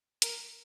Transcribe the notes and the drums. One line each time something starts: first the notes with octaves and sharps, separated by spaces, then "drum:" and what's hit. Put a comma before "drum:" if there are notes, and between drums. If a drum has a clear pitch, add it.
A#4, drum: hi-hat